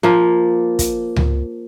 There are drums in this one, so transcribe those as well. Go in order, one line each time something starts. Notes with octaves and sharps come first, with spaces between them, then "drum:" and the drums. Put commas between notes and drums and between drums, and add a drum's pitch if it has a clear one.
F3 A#3
drum: kick, hi-hat
drum: tom C#2